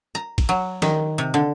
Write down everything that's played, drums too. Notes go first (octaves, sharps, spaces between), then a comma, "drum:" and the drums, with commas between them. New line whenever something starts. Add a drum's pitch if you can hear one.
A#5
drum: kick, cymbal
F#3
D#3, drum: snare
C3
D3